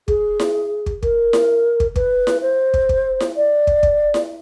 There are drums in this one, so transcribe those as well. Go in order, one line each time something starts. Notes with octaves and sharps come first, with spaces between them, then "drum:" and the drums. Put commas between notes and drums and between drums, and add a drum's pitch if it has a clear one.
G#4, drum: kick
drum: snare E4
drum: kick
A#4, drum: kick
drum: snare E4
drum: kick
B4, drum: kick
drum: snare E4
C5
drum: kick
drum: kick
drum: snare E4
D5
drum: kick
drum: kick
drum: snare E4